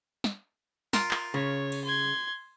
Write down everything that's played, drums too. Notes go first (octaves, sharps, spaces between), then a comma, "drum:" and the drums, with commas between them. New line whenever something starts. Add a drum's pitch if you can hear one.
drum: snare
F4 A#4, drum: snare
drum: clap
C#3 C#5
drum: cymbal
C6 G#6